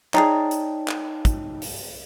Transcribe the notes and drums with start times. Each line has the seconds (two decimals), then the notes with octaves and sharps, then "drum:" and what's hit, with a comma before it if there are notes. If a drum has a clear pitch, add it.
0.14 D#4 G#4 C#5 D5 G5 A5 A#5, drum: clap
0.51 drum: hi-hat
0.88 drum: clap
1.25 drum: kick, hi-hat
1.62 drum: open hi-hat